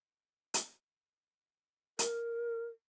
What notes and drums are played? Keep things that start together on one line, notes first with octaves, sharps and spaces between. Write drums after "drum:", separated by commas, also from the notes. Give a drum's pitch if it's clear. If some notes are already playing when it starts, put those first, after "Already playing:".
drum: hi-hat
A#4, drum: hi-hat